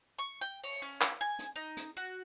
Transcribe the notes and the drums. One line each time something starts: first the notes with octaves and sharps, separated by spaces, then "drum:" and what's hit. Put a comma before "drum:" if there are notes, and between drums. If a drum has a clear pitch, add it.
C#6
G5
C#5, drum: open hi-hat
C#4
drum: clap
G#5
drum: hi-hat
D#4
drum: hi-hat
F#4